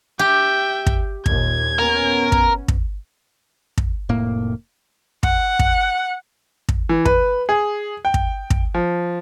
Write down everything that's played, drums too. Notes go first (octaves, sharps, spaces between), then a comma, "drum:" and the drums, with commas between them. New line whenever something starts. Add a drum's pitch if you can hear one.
G4 E5 G5
drum: kick
D#2 A#2 G#6, drum: kick
B3 C#4 A#4
drum: kick
drum: kick
drum: kick
F1 A2 A#3
F#5, drum: kick
drum: kick
drum: kick
E3
B4, drum: kick
G#4
G5
drum: kick
drum: kick
F3